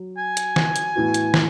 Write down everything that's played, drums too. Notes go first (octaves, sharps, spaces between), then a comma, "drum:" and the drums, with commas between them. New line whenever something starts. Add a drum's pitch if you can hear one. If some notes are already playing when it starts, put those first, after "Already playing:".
Already playing: F#3
G#5
drum: hi-hat
drum: snare
drum: hi-hat
A2 E3 B3 F#4
drum: hi-hat
drum: snare